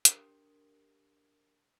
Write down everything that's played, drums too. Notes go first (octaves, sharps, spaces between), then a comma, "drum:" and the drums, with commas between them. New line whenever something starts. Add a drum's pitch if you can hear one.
D4 G4 A#4, drum: hi-hat